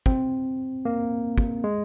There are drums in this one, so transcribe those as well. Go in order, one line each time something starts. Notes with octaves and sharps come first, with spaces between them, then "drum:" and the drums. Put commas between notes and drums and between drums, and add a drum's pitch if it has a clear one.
C4, drum: kick
A#3
drum: kick
G#3